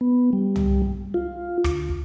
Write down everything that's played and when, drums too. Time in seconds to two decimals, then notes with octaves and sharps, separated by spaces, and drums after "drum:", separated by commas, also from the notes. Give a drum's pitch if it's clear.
0.01 B3
0.33 G3
0.56 drum: tom
1.14 F4
1.64 D2, drum: rim click